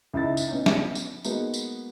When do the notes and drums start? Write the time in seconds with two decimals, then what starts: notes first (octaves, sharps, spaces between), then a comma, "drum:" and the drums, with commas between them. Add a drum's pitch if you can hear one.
0.14 C#2 D#4 E4 A6
0.37 drum: tambourine
0.48 B3 C#4 D#4
0.66 drum: snare
0.95 drum: tambourine
1.24 G#3 A#3 B3 D#4 F#4, drum: tambourine
1.54 drum: tambourine